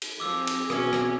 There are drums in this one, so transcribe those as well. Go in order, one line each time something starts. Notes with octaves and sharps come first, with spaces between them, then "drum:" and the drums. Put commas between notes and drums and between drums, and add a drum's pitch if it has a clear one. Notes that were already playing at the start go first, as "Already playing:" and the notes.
drum: cymbal
F3 C4 G#4 D6 E6 A#6
drum: cymbal
B2 C#4, drum: rim click
drum: rim click